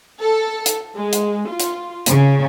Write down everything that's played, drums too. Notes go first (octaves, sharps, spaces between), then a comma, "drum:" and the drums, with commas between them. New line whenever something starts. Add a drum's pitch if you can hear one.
A4
drum: hi-hat
G#3
drum: hi-hat
F4
drum: hi-hat
C#3, drum: hi-hat